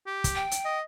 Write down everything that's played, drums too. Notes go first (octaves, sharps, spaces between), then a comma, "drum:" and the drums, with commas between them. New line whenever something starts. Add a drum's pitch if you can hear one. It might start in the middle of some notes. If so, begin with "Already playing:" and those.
G4
drum: kick, hi-hat
G5
drum: hi-hat
D#5